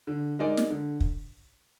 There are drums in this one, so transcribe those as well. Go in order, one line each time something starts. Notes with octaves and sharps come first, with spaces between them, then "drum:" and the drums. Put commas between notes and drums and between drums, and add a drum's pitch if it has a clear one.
D3
G#3 D#4 A#4 D5
drum: snare
D3
drum: kick